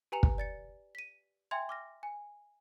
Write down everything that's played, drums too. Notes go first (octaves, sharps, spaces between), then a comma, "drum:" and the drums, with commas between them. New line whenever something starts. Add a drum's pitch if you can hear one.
G4 B4 G#5 A#5 C#7 F7
drum: kick
D5 A6 C#7
B6 D#7
E5 G5 G#5 C6 G#6
D6 F6 A#6
G#5